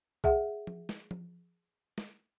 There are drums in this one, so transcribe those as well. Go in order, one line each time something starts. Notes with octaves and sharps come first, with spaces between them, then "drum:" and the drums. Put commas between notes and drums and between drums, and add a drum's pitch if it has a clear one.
G#4 E5 F#5, drum: kick B1
drum: tom F3
drum: snare
drum: tom F3
drum: snare